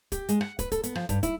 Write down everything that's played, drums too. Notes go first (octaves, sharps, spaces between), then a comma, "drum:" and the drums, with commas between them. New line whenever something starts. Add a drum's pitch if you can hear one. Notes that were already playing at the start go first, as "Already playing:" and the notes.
G4, drum: kick, hi-hat
G#3, drum: hi-hat
F#5, drum: rim click
B4, drum: kick, hi-hat
A4, drum: kick, hi-hat
B3, drum: hi-hat
F3, drum: rim click
G2, drum: kick, hi-hat
E4, drum: kick, hi-hat